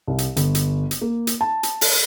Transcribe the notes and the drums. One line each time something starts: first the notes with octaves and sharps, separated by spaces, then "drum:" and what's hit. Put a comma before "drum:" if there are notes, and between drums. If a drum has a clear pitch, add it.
C2
drum: hi-hat
G1, drum: hi-hat
drum: hi-hat
drum: hi-hat
A#3
drum: hi-hat
A5
drum: hi-hat
drum: open hi-hat